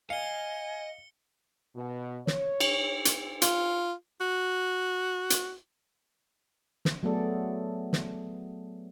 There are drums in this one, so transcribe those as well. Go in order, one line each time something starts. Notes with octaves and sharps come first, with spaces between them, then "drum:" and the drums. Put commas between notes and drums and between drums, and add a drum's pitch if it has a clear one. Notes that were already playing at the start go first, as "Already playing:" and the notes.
D#5 F5 G#5 C#7 G7
B2
C#5, drum: snare
drum: cymbal
drum: hi-hat
F4, drum: hi-hat
F#4
drum: hi-hat
drum: snare
F#3 A3 B3 G#4 A4 D5
drum: snare